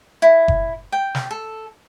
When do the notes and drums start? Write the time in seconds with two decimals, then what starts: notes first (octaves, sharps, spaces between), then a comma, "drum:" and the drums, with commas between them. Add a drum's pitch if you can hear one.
0.22 E4
0.48 drum: kick F#1
0.92 G5
1.15 drum: snare
1.31 A4